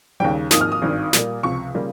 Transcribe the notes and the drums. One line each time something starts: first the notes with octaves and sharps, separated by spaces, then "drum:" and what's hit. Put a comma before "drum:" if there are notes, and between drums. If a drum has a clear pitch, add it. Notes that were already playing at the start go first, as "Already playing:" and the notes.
D#2 C#3 G3 G5
G#1 G#2 F3 A#3 D#4 D#6, drum: snare
F6
D#6
G#1 G2 D#3
A#2 G3 A#3, drum: snare
C#2 C3 F3 C#6
C#3 G3 A#3 F4